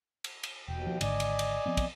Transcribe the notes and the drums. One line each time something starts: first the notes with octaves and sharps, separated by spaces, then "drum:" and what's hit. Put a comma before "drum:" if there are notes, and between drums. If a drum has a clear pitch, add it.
drum: cymbal
drum: cymbal
E1 D#2 B2 G5
F3
G#1 G#2 D3 D5 D#5 G#5, drum: cymbal
drum: cymbal
drum: cymbal
F3 B3 C4
drum: kick, cymbal